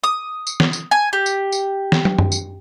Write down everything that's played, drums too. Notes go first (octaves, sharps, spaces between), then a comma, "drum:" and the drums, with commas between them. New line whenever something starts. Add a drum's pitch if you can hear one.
D#6
drum: tambourine
drum: snare
drum: tambourine
G#5
G4
drum: tambourine
drum: tambourine
drum: snare
drum: tom
drum: tom F#2
drum: tambourine